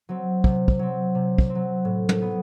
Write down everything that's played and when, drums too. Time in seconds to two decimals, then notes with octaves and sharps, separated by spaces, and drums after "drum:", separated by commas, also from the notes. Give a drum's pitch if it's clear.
0.09 F#3 C4
0.44 C3, drum: kick
0.68 drum: kick
0.79 F#3 C4
1.15 C3
1.38 drum: kick
1.50 C4
1.55 F#3
1.85 A2
2.09 drum: tom
2.21 F#3 B3